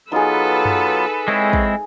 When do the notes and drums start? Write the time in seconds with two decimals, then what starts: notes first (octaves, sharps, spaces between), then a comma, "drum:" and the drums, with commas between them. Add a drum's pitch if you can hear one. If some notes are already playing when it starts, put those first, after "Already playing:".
0.12 F#3 B3 D#4 F4 G#4 A4 B4
0.65 drum: tom F#2
1.28 G#3 C4 E4 C#5
1.53 drum: kick